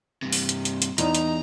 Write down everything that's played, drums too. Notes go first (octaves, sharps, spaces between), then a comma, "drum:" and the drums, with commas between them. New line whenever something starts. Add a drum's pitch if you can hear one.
G2 C3
drum: open hi-hat
drum: hi-hat
drum: hi-hat
drum: hi-hat
E2 D#4 A#5, drum: hi-hat
drum: hi-hat